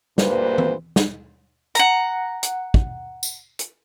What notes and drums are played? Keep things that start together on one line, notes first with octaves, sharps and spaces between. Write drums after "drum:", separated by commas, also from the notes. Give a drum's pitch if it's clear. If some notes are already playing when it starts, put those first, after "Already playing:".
D2 G2 A#2 A#3 B4 C5, drum: snare
drum: tom E3
drum: snare
F#5 A#5, drum: hi-hat
drum: hi-hat
drum: kick
drum: tambourine
drum: hi-hat